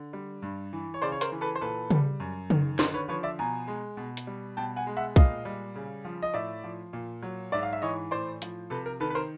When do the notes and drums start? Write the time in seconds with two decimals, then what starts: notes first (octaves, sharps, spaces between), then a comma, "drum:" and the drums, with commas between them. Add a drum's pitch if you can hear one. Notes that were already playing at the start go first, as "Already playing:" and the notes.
Already playing: D3
0.13 G3
0.42 G2
0.73 E3
0.94 C#5
1.02 C#3 C5 D5
1.12 C#5
1.21 A#4 C5, drum: hi-hat
1.32 E3
1.41 A4 B4
1.55 C5
1.61 A#2 A4 B4
1.91 G3, drum: tom C#3
2.20 F#2
2.50 D#3, drum: tom C#3
2.79 D3 A#4 C5, drum: snare
2.94 B4 C#5
3.08 F3 B4 C#5
3.23 D5 E5
3.39 B2 G#5 A#5
3.68 G#3
3.97 B2
4.17 drum: hi-hat
4.27 G3
4.57 B2 G5 A5
4.76 F#5 G#5
4.87 G#3
4.97 E5 F#5
5.16 A#2 D#5 F5, drum: kick B1
5.45 G3
5.75 C#3
6.05 F3
6.22 D#5
6.34 A2 D5 E5
6.64 F3
6.93 A#2
7.23 F#3
7.52 G#2 D5 E5
7.63 F5
7.73 E5
7.82 E3 C#5 D#5
8.11 A2 C5 D5
8.42 F3, drum: hi-hat
8.70 C3 A4 B4
8.86 A#4
9.00 D#3 A4 B4
9.10 B4
9.15 A#4 C5